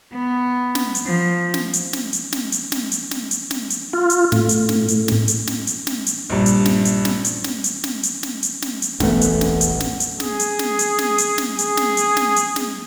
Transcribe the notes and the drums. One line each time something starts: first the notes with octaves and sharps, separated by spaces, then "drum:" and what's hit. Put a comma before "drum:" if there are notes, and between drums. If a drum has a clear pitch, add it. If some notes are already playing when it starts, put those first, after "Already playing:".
B3
drum: snare
drum: hi-hat
F3
drum: snare
drum: hi-hat
drum: snare
drum: hi-hat
drum: snare
drum: hi-hat
drum: snare
drum: hi-hat
drum: snare
drum: hi-hat
drum: snare
drum: hi-hat
F4
drum: hi-hat
A2, drum: snare
drum: hi-hat
drum: snare
drum: hi-hat
drum: snare
drum: hi-hat
drum: snare
drum: hi-hat
drum: snare
drum: hi-hat
A#1 G2
drum: hi-hat
drum: snare
drum: hi-hat
drum: snare
drum: hi-hat
drum: snare
drum: hi-hat
drum: snare
drum: hi-hat
drum: snare
drum: hi-hat
drum: snare
drum: hi-hat
E1 A1 F#2 A3 B3, drum: snare
drum: hi-hat
drum: snare
drum: hi-hat
drum: snare
drum: hi-hat
G#4, drum: snare
drum: hi-hat
drum: snare
drum: hi-hat
drum: snare
drum: hi-hat
drum: snare
G#4, drum: hi-hat
drum: snare
drum: hi-hat
drum: snare
drum: hi-hat
drum: snare